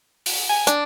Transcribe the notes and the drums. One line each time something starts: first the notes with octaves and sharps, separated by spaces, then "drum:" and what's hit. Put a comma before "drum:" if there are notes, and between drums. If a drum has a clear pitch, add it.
drum: open hi-hat
G#5
D4, drum: hi-hat